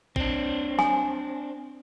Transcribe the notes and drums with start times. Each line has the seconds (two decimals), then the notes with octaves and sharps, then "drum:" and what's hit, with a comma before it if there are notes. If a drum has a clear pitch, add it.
0.16 C4 D4, drum: kick A#1
0.79 G#5, drum: snare